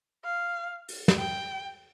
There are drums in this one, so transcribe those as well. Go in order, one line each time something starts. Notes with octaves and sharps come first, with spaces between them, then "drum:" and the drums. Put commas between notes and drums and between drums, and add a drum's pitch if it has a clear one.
F5
drum: open hi-hat
drum: snare
G5